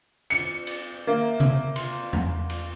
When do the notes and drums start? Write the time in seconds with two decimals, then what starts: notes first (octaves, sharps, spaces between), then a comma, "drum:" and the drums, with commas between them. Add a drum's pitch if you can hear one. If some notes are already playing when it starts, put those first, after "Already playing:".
0.30 C#7, drum: cymbal
0.67 drum: cymbal
1.07 A#3 A#4 E5 F5
1.40 drum: tom C3
1.76 C6, drum: cymbal
2.13 drum: tom E2
2.50 drum: cymbal